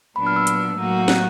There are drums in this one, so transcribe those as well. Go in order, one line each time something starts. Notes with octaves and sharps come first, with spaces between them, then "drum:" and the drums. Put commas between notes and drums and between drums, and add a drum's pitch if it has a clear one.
A#2 F#3 B3 D4 B5
F6
E6
drum: hi-hat
A2 F#3 A#3 D#4 F#4
F#6, drum: snare